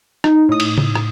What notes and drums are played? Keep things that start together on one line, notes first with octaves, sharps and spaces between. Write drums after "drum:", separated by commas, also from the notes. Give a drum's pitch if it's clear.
D#4, drum: rim click
A2 D#6
drum: cymbal
drum: tom
drum: rim click